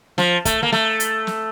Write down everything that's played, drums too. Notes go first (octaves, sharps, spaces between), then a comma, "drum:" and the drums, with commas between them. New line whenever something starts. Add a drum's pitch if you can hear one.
F3, drum: snare
A3, drum: kick, hi-hat
A#3
A3, drum: snare
drum: hi-hat
drum: snare